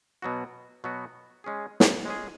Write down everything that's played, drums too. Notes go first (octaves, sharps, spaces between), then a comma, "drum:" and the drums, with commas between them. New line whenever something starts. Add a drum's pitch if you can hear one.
B2 F#3 B3 F#4
B2 F#3 B3 F#4
G#3 C#4 G#4
drum: snare
G#3 C#4 G#4